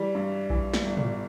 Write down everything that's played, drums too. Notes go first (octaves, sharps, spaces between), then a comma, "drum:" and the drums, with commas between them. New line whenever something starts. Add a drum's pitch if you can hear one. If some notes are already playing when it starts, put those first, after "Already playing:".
Already playing: E3 G3
G2
E3, drum: kick A#1
drum: snare
G1
drum: tom